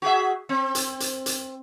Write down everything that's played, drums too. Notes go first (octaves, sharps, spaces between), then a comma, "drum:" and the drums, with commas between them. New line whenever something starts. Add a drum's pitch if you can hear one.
F#4 G#4 E5
C4
drum: hi-hat
drum: hi-hat
drum: hi-hat